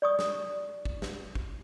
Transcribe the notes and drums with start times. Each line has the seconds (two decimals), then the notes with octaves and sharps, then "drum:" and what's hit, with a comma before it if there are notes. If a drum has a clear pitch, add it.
0.02 D5 C#6 D#6
0.19 drum: snare
0.85 drum: kick
1.02 drum: snare
1.35 drum: kick